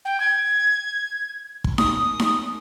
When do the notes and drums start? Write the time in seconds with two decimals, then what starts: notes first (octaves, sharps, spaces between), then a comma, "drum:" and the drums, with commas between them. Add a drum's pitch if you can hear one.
0.05 G5
0.20 G#6
1.64 drum: kick
1.78 D#6, drum: snare D#4
2.20 drum: snare D#4